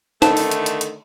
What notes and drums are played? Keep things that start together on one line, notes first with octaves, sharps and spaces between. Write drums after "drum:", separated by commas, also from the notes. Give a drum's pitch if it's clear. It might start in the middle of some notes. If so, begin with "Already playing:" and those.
D3 D#3 A3 A5, drum: snare
drum: open hi-hat
drum: hi-hat
drum: hi-hat
drum: hi-hat